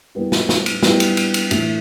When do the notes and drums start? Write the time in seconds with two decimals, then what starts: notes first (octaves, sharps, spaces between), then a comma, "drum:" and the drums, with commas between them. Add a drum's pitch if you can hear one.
0.15 G3 B3 E4 G4
0.32 drum: snare
0.49 drum: snare
0.66 drum: cymbal
0.83 G3 B3 E4 G4, drum: snare
1.00 drum: cymbal
1.17 drum: cymbal
1.34 drum: cymbal
1.51 A2 E3 A3, drum: cymbal